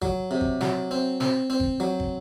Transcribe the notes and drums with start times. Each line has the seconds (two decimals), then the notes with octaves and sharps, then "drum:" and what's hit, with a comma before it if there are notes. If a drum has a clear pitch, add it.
0.02 F#3, drum: kick
0.31 C3
0.41 drum: kick
0.61 F#3, drum: snare
0.91 C4
1.20 C4, drum: snare
1.50 C4
1.60 drum: kick
1.80 F#3
2.00 drum: kick